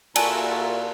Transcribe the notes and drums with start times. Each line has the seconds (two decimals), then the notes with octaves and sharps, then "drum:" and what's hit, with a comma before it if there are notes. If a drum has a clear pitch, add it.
0.16 A#2 E4 F#4 A4 A#4 D5 G#5 A5, drum: cymbal